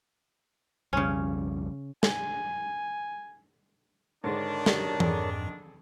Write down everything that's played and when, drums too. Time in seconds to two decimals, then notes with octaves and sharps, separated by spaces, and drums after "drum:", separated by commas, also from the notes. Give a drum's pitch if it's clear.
0.93 B1 F2 C#3 G3 C#4
2.03 G#5, drum: snare
4.24 G#2 D3 D#3 G#3 D4 A#4 C#5 A5
4.66 F#2 D3 G3, drum: snare
5.00 F2 G#2 G#4 A4 D5, drum: tom E3